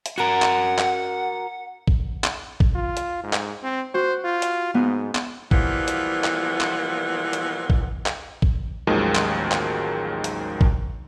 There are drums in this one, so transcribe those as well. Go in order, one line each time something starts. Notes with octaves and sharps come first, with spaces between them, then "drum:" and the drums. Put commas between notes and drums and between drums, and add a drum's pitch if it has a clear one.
drum: hi-hat
F#4 A#4 F#5
drum: clap
drum: clap
drum: kick
drum: clap
drum: kick
F4
drum: hi-hat
G#2
drum: clap
C4
F#4 C5
F4
drum: hi-hat
G#2 B3
drum: clap
B2 E3 F3 G3 A#3 B3, drum: kick
drum: hi-hat
drum: clap
drum: clap
drum: hi-hat
drum: kick
drum: clap
drum: kick
A1 D#2 D#3 F3 F#3 G#3
drum: clap
drum: clap
drum: hi-hat
drum: kick